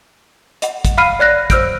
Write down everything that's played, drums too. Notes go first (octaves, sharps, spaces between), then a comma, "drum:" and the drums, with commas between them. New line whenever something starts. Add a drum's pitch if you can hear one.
D#5 F#5, drum: hi-hat
drum: kick, hi-hat
F5 B5 F6 C7 D#7
C#5 D5 F#6 A#6
C5 E6 F6 G6 D7, drum: kick, hi-hat